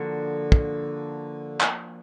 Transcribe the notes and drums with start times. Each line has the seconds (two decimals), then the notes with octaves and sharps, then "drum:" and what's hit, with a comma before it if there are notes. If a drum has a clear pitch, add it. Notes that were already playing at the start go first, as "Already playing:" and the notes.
Already playing: D3 F3 A#3 D4 F#4
0.52 drum: kick
1.61 drum: clap